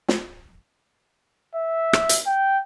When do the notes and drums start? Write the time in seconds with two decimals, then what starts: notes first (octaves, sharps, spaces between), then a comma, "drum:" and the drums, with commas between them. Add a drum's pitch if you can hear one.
0.08 drum: snare
1.55 E5
1.93 drum: rim click
2.09 drum: hi-hat
2.27 G5